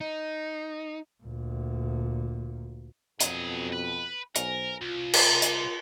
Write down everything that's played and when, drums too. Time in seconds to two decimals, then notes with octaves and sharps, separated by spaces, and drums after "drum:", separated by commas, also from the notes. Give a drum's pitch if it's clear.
0.01 D#4
1.23 D2 A#2
3.20 F2 B2 F#3 G#4, drum: hi-hat
3.73 B4
4.35 B1 A#4 C5 G#5, drum: hi-hat
4.82 C2 F4
5.14 drum: cymbal
5.42 drum: hi-hat